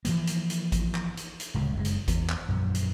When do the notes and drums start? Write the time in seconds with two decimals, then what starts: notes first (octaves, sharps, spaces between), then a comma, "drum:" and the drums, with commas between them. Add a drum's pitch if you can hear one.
0.05 E3 F3 A#3, drum: hi-hat
0.27 drum: hi-hat
0.50 drum: hi-hat
0.72 drum: kick G#1, hi-hat
0.95 drum: clap
1.17 drum: hi-hat
1.40 drum: hi-hat
1.54 D1 C#2 C#3
1.75 F#1 B2 G#3
1.85 drum: hi-hat
2.08 E2, drum: kick G#1, hi-hat
2.30 drum: clap
2.49 A#1 F#2
2.75 drum: hi-hat